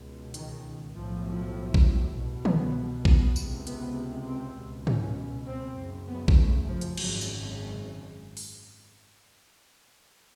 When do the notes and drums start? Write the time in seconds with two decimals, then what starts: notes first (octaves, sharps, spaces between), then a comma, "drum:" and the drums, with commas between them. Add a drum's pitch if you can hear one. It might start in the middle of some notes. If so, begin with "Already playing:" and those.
Already playing: C#2 B2
0.34 D#3, drum: hi-hat
0.94 B1 A2 F3
1.25 F3
1.74 drum: kick A#1
2.15 C2 B2
2.45 B3, drum: tom
3.05 B3, drum: kick A#1
3.36 C#2 C3, drum: tambourine
3.67 B3, drum: hi-hat
4.27 C4
4.57 C#2 B2
4.87 C#4, drum: tom G#2
5.47 C4
5.77 F#1 F#2 C#3
6.07 B3
6.28 drum: kick A#1
6.37 A3
6.67 F3
6.81 drum: hi-hat
6.97 G#1 F#2 C#3 F#3, drum: cymbal
7.21 drum: tambourine
8.37 drum: open hi-hat